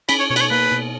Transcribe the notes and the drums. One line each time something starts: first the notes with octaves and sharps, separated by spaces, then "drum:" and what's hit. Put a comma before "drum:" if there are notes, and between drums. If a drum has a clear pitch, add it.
C#4 B5, drum: cymbal
C#5
B2 C#5
B4, drum: cymbal
C#5
A#3 B4
B2